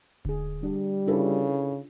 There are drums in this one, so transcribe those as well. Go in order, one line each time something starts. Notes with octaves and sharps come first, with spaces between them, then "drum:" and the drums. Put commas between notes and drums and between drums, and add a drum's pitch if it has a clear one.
D3 G#4, drum: kick D#1
G3 D4
C#3 D4 E4 F4 A4 B4